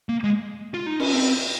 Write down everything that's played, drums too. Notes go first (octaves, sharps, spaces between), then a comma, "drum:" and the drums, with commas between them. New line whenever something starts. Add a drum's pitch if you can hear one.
A#3
G#3
F4
D#4
C#4, drum: cymbal
C4